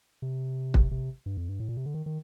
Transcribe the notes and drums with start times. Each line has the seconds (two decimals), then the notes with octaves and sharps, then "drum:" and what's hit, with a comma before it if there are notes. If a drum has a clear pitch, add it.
0.22 C3
0.74 drum: kick
0.91 C3
1.26 G2
1.37 F2
1.49 G2
1.60 A2
1.69 A#2
1.77 C3
1.86 D3
1.94 D#3
2.06 D#3